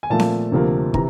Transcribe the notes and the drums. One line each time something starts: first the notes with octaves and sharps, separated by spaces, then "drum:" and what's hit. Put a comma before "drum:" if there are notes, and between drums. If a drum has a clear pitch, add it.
G#5
A#2 F3 A3 A5
drum: snare C4
D2 C3 F3 A#3
C3 E3 A#5, drum: kick